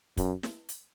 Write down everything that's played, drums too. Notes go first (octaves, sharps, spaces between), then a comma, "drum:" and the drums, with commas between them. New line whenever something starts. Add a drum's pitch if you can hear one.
F#2, drum: kick, hi-hat
drum: snare
drum: hi-hat